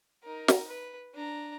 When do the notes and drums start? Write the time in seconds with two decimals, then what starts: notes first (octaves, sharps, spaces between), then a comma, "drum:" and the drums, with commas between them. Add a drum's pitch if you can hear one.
0.24 D#4 A#4
0.48 drum: snare
0.67 B4
1.14 D4 A#5